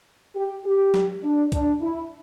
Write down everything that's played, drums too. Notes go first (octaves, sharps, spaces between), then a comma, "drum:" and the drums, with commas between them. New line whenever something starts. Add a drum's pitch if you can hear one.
G4
G4
drum: snare
D4
D4, drum: kick C2, hi-hat
E4